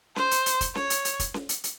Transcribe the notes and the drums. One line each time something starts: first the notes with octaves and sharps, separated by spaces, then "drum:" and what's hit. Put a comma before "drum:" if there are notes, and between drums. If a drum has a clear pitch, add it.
C5, drum: snare C#4
drum: hi-hat
drum: hi-hat
drum: kick, hi-hat
C#5, drum: snare C#4
drum: hi-hat
drum: hi-hat
drum: kick, hi-hat
drum: snare C#4
drum: hi-hat
drum: hi-hat